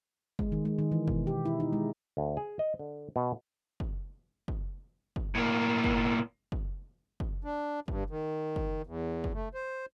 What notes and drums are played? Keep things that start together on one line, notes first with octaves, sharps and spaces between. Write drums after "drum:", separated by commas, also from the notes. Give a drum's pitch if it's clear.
G#3, drum: kick
D#3
G#3
D#3
E3
B2, drum: kick
G4
E4
D#4
G#3
D2
G#4
D#5
D3
B2
drum: kick
drum: kick
drum: kick
A2 A#3
drum: kick
drum: kick
drum: kick
D4
G2, drum: kick
D#3
drum: kick
E2
drum: kick
A3
C5